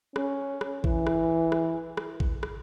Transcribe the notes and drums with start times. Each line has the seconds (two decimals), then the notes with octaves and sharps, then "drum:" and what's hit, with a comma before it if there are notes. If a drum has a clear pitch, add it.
0.16 C#4, drum: rim click
0.61 drum: rim click
0.84 E3, drum: kick
1.07 drum: rim click
1.52 drum: rim click
1.97 drum: rim click
2.20 drum: kick
2.43 drum: rim click